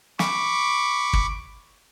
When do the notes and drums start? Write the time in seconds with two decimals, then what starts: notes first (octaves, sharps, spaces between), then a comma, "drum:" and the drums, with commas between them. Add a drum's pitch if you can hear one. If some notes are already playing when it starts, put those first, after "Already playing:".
0.19 B5 C#6 D6, drum: snare
1.13 drum: kick